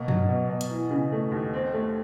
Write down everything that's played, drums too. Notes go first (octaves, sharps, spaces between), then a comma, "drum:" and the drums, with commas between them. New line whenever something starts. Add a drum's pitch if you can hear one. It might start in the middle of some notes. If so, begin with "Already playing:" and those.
Already playing: B2 A#3
F#3, drum: tom F#2
B2
B2
drum: hi-hat
E3
C#3
A3
D#2
C4
A3